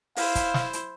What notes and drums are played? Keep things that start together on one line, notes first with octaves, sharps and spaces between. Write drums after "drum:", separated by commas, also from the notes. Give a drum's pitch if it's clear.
E4 C5 F5, drum: open hi-hat
drum: kick, hi-hat
drum: snare
drum: hi-hat